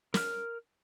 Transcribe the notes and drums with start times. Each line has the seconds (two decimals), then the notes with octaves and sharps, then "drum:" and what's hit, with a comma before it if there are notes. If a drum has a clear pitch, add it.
0.14 A#4 F6, drum: snare